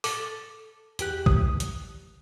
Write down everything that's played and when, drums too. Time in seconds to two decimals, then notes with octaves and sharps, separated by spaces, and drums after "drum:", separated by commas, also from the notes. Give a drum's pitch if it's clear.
0.04 A4 D6, drum: open hi-hat
0.99 E2 G4 F#6, drum: hi-hat
1.26 D#6, drum: kick
1.60 drum: hi-hat